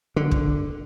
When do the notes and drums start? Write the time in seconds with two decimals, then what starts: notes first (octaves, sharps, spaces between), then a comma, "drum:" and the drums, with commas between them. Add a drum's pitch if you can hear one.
0.16 D3
0.31 drum: kick